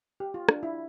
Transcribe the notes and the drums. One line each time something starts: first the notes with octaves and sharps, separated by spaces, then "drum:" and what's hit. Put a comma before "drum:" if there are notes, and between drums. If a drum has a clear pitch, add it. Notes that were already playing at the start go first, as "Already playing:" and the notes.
G4
F4
D4, drum: rim click
E4